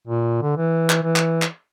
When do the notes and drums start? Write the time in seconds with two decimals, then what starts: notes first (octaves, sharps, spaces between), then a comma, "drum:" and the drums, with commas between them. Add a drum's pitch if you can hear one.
0.08 A#2
0.42 D3
0.57 E3
0.90 drum: clap
1.03 E3
1.16 drum: clap
1.42 drum: clap